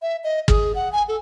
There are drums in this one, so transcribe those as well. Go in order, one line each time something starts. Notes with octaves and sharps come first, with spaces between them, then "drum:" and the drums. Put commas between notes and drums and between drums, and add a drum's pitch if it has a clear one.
E5
D#5
G#4, drum: kick
F#5
G#5
A4